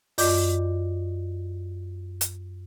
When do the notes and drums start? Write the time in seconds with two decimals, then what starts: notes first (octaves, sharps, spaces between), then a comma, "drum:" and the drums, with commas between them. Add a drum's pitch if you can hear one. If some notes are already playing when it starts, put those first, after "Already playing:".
0.18 F#2 F4 D5 D#5 D6 G6, drum: open hi-hat
2.21 drum: hi-hat